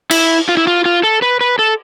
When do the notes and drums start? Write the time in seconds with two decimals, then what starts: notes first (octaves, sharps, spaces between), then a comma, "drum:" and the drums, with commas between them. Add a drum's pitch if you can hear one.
0.11 E4, drum: cymbal
0.49 F4
0.57 E4
0.67 F4
0.85 F4
1.03 A4
1.22 B4
1.41 B4
1.59 A4